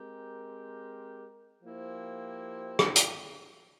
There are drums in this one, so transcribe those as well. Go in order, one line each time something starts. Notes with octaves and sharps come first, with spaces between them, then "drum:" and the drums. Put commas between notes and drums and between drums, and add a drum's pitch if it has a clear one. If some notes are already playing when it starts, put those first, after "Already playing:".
Already playing: G#3 C4 G4 A#4
F3 A#3 E4 G4 C5
drum: rim click
drum: hi-hat